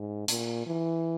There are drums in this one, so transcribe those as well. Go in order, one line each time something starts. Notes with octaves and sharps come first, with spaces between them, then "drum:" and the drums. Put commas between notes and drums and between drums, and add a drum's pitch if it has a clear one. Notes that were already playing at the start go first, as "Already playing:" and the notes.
Already playing: G#2
A#2, drum: hi-hat
E3